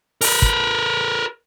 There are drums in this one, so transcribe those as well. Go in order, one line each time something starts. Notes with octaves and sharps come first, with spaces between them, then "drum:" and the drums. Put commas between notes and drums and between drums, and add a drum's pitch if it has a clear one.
A#4 B4, drum: open hi-hat
drum: kick